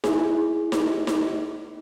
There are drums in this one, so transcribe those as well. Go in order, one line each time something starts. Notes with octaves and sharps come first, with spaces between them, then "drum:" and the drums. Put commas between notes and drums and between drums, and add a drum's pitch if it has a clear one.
E4 G#4, drum: snare D#4
drum: snare D#4
drum: snare D#4